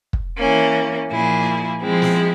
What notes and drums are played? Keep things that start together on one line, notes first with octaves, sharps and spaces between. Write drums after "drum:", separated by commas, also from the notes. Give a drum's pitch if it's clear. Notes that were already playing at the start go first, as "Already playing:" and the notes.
drum: kick
E3 A#3 C#4
A#2 F3 A#3 E4 G#4
F3 G#3 C4 E4
drum: snare